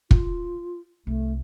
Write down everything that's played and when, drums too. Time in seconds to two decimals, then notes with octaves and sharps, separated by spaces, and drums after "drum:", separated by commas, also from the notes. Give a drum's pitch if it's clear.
0.11 F4, drum: kick
1.07 C2 A3